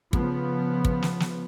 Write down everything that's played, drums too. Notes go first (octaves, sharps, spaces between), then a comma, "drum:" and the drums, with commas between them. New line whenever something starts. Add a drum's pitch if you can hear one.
C#3 F3 B3, drum: kick
drum: kick
drum: snare
drum: snare